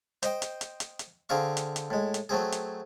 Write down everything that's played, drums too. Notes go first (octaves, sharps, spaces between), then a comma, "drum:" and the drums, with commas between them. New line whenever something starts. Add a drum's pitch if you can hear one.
C5 D#5 G5, drum: hi-hat
drum: hi-hat
drum: hi-hat
drum: hi-hat
drum: hi-hat
D3 C4 G#4 F5 C#6
drum: hi-hat
drum: hi-hat
A2 G#3
drum: hi-hat
F#3 A3 C4 G#4
drum: hi-hat